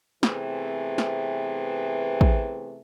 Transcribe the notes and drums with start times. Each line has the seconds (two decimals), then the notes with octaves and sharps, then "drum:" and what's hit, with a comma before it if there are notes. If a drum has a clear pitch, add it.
0.23 C3 E3 A3 B3 C4 G#4, drum: snare
0.98 drum: snare
2.21 drum: kick